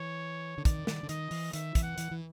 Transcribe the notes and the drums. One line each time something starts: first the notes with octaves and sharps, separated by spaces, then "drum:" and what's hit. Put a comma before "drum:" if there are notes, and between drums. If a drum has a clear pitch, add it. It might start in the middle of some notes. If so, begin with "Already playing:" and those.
Already playing: E3 C#5
D3
D#3 D5, drum: kick, hi-hat
D#3, drum: snare
D3
D#3 D#5, drum: hi-hat
E3, drum: open hi-hat
D#3 E5, drum: hi-hat
E3, drum: kick, hi-hat
F#5
E3, drum: hi-hat
E3